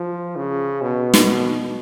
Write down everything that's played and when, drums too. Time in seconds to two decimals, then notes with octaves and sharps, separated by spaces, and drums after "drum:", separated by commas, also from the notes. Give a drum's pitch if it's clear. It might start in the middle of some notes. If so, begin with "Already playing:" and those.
Already playing: F3
0.36 C#3
0.82 B2
1.14 drum: snare